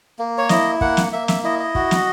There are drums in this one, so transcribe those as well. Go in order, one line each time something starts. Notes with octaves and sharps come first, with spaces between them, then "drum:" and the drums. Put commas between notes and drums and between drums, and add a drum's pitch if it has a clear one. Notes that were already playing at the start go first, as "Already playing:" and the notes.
A#3
C#5
E4 D#5, drum: snare
A#3 F#5, drum: kick
drum: snare
A#3 E5
E5, drum: snare
E4 D#5
D#5
F#4, drum: kick
drum: snare